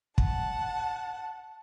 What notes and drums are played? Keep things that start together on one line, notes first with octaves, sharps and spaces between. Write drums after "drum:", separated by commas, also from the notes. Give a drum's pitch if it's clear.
F#5 A5, drum: kick